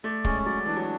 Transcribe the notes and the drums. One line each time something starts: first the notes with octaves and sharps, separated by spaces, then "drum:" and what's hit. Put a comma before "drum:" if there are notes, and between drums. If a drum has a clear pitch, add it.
A3 D5
G#3 C#4, drum: kick
F#3 D5
E3 D4
F#3